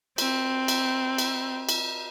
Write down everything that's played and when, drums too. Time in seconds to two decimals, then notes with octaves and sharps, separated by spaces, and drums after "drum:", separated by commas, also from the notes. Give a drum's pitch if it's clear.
0.18 C4, drum: cymbal
0.68 drum: cymbal
1.18 drum: cymbal
1.69 drum: cymbal